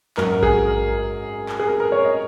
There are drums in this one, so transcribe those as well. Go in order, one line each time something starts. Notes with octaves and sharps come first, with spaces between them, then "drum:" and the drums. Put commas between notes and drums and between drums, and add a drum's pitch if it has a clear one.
G#1 F#2 F#3 A#4, drum: clap
G#4, drum: kick A#1
A#4
drum: clap
G#4
A#4
A#4
C#5
D#5